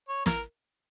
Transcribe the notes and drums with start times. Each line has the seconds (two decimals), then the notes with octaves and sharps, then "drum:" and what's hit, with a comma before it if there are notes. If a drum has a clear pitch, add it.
0.09 C#5
0.26 A#4, drum: snare